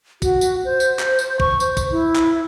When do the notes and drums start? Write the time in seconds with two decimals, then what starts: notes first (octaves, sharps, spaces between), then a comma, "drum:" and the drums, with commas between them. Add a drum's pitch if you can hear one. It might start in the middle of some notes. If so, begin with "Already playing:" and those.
0.22 F#4, drum: kick, tambourine
0.41 drum: tambourine
0.65 C5
0.80 drum: tambourine
0.99 drum: clap
1.19 drum: tambourine
1.40 C#6, drum: kick
1.60 C5, drum: tambourine
1.77 drum: kick, tambourine
1.92 E4
2.16 drum: clap